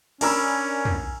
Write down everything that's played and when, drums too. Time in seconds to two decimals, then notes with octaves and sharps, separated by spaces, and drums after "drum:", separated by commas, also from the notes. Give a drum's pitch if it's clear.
0.21 C#4 D4 A#4 G#5 A#5 B5 E6, drum: cymbal
0.85 drum: tom